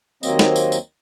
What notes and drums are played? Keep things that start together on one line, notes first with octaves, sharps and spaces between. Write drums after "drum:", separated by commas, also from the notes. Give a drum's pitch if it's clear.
D#2 F#3 A#3 C4 D#5, drum: tambourine
drum: snare
drum: tambourine
drum: tambourine